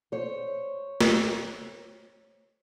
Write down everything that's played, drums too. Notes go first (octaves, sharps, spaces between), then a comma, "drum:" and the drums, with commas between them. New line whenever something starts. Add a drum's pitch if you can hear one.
C5 C#5
drum: snare